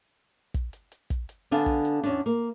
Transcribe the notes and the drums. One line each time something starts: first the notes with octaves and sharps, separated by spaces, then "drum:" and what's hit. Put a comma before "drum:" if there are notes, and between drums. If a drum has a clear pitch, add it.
drum: kick, hi-hat
drum: hi-hat
drum: hi-hat
drum: kick, hi-hat
drum: hi-hat
D3 B3 D4 F5 G#5
drum: kick, hi-hat
drum: hi-hat
E2 C#4 D4, drum: hi-hat
A#3